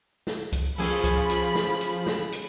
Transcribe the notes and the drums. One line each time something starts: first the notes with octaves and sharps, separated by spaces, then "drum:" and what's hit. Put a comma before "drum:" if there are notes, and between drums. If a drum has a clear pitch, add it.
drum: snare
drum: kick C2, hi-hat
F3 C#4 G#4 A4 B5, drum: open hi-hat
drum: kick C2, hi-hat
drum: hi-hat
drum: snare
drum: hi-hat
drum: snare
drum: hi-hat